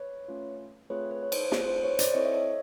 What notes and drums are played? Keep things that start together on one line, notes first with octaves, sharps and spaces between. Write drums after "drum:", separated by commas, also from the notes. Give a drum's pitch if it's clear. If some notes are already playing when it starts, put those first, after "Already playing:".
Already playing: B4 C#5
A3 C#4 F4
A3 C4 F4 G#4 B4 C#5
B4
C#5
C5, drum: cymbal
C5
A3 C4 F4 G#4 B4, drum: snare
C5
B4 C#5
C5 D5, drum: hi-hat
C4 E4 A4 C#5 D#5
E5
C#5 D#5